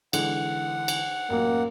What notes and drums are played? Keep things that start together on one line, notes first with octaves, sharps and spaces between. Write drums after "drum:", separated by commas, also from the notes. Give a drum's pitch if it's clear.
D3 E3 G#3 F#5, drum: cymbal
drum: cymbal
A1 F#2 A#3